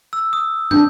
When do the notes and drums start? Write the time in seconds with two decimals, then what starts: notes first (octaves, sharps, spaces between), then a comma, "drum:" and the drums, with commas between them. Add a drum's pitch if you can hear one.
0.13 E6
0.33 D#6
0.71 D4 G6, drum: tom